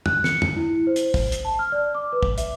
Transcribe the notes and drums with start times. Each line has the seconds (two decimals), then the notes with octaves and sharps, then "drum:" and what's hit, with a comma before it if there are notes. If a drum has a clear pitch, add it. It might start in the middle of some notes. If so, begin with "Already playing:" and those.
0.06 F#6, drum: tom
0.24 C#7, drum: snare
0.42 drum: tom
0.56 E4
0.87 C5
0.96 drum: hi-hat
1.14 drum: kick, open hi-hat
1.32 drum: hi-hat
1.45 A5
1.59 F6
1.72 D5
1.95 D6
2.13 B4
2.23 drum: kick
2.38 E5, drum: hi-hat